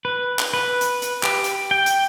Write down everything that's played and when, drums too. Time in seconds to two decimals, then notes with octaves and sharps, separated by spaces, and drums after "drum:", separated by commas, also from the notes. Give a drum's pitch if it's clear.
0.05 B4
0.39 drum: clap
0.54 B4
0.81 drum: hi-hat
1.02 drum: hi-hat
1.23 G4, drum: clap
1.44 drum: hi-hat
1.71 G5
1.86 drum: hi-hat